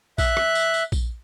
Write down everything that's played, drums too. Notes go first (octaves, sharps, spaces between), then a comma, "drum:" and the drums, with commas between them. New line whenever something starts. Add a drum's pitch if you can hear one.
E5 F#6, drum: kick A#1, tambourine
drum: rim click
drum: tambourine
drum: tambourine
drum: kick A#1, tambourine